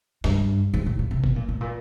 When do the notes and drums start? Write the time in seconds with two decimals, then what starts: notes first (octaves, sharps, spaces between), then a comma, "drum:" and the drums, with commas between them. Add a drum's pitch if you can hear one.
0.24 G2, drum: snare
0.74 G#2
0.86 A2
0.99 A#2
1.11 C3
1.24 B2, drum: kick
1.36 A#2
1.49 A2
1.61 A#2